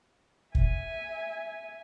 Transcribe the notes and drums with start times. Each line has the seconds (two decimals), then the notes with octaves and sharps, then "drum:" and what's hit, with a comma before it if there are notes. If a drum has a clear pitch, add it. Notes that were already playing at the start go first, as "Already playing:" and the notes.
0.55 E5 G#5, drum: kick